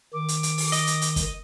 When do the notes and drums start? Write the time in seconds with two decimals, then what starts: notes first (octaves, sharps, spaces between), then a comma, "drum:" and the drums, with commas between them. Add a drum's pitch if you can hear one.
0.13 D#3 D6
0.28 drum: hi-hat
0.43 drum: hi-hat
0.58 drum: open hi-hat
0.72 D#5, drum: hi-hat
0.87 drum: hi-hat
1.02 drum: hi-hat
1.16 drum: kick F#1, hi-hat